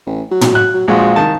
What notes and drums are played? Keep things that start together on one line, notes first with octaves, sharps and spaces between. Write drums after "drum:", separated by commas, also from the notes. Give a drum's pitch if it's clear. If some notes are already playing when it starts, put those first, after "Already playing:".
A1
F#3
drum: tom
F#6
F#3
A#1 F3 G#3 F#4
C2 D#3 A5